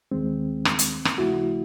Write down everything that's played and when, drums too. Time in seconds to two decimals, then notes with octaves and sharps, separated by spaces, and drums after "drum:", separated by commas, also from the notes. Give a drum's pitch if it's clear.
0.12 D#2 D#3 G#3 C4
0.65 drum: rim click
0.79 drum: hi-hat
1.05 drum: rim click
1.18 D#2 C#3 F3 A3 E4 F#4